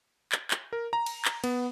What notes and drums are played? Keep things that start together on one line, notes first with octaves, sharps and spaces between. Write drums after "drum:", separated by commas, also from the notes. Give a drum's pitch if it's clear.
drum: clap
drum: clap
A#4
A#5
drum: cymbal
drum: clap
B3, drum: cymbal